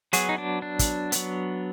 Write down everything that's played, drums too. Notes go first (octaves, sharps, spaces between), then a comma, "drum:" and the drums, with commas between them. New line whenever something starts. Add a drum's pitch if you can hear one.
F#3 B3 F#4 G#4, drum: hi-hat
D#4
D4
D4
drum: kick, hi-hat
F#3 B3, drum: hi-hat